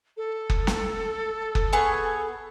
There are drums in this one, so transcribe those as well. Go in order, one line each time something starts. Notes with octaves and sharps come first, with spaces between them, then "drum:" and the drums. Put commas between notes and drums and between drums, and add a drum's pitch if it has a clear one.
A4
drum: kick F#1
drum: snare
drum: kick F#1
B3 G#4 C#6